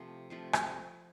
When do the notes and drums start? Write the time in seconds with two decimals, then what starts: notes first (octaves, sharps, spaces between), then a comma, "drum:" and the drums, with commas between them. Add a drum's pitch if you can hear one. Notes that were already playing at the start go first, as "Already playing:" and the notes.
Already playing: C3 F3 A3
0.30 C3 F3 A3
0.53 drum: rim click